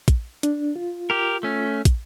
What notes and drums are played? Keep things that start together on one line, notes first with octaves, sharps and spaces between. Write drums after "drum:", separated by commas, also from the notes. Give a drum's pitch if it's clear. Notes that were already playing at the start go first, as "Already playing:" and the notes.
drum: kick, hi-hat
D4, drum: hi-hat
F4
G4 A#4
A3 C#4
drum: kick, hi-hat